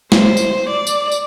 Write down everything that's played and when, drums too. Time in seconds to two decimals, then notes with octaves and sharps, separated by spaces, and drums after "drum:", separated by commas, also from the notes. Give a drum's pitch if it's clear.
0.12 C5, drum: snare
0.37 drum: tambourine
0.70 D5
0.87 drum: tambourine
1.12 drum: tambourine